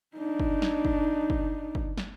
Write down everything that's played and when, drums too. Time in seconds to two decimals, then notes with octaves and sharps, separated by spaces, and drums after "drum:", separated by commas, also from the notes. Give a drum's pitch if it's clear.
0.17 D4 D#4
0.40 drum: kick
0.62 drum: snare
0.85 drum: kick
1.30 drum: kick
1.75 drum: kick
1.98 drum: snare